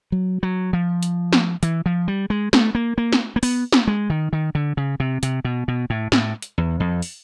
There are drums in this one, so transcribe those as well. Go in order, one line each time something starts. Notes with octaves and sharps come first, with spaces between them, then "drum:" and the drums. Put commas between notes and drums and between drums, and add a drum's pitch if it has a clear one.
F#3
F#3
F3
drum: hi-hat
drum: snare
E3, drum: hi-hat
F3
G3
G#3
A3, drum: snare
A#3
A#3
drum: snare
A#3
B3, drum: open hi-hat
drum: snare
G#3
D#3
D#3
D3
C#3
C3
C3, drum: hi-hat
B2
B2
A2
A2, drum: snare
drum: hi-hat
E2
F2
drum: open hi-hat